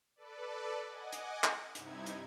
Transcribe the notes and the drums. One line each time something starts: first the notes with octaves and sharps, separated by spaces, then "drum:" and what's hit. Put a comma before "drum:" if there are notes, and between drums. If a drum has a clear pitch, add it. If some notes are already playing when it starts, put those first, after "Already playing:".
A4 B4 D5
D#5 F#5 G#5 D6
drum: hi-hat
drum: clap
G2 C3 D#4 E4 G#6, drum: hi-hat
drum: hi-hat